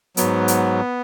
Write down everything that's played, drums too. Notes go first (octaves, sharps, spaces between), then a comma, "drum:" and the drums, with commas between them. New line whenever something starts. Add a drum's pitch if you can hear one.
G#2 F#3 B3, drum: hi-hat
drum: hi-hat